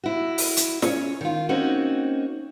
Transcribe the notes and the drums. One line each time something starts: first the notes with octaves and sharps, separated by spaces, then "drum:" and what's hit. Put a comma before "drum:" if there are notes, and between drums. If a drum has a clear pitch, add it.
E4 F#4
drum: open hi-hat
drum: hi-hat
C#4 C#5, drum: snare
D#3 F4
A#3 C4 C#4 D#4 F#4